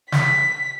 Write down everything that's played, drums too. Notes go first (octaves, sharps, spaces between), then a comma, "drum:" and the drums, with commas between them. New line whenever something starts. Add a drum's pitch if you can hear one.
B6, drum: snare